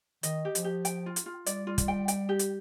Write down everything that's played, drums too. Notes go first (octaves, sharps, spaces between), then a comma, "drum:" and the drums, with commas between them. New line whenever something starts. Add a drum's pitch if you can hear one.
D#3 D#5, drum: hi-hat
G4
F3, drum: hi-hat
G4
G5, drum: hi-hat
F4
drum: hi-hat
F4
G3 D5, drum: hi-hat
F4
drum: kick, hi-hat
G5
G5, drum: hi-hat
G4
drum: hi-hat